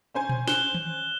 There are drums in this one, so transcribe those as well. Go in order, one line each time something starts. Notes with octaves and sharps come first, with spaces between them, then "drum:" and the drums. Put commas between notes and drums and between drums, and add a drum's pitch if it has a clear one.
C#4 C5 G#5
drum: tom A#2
F#6 E7 G7, drum: snare
drum: tom D#3